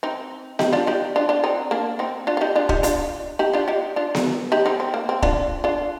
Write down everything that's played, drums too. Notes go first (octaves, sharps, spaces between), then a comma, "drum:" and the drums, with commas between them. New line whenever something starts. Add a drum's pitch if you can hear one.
C4 D#4
D#4 G4, drum: snare B3
D4 F4
D#4 G4
D4 F4
D4 F4
C4 D#4
A#3 D4
C4 D#4
D4 F4
F4
D#4 G4
D4 F4
D#4 G4, drum: kick
D4 F4, drum: hi-hat
D#4 G4
D4 F4
D#4 G4
D4 F4
drum: snare B3
D#4 G4
C4 D#4
C4
A#3
C4
D4 F4, drum: kick
D4 F4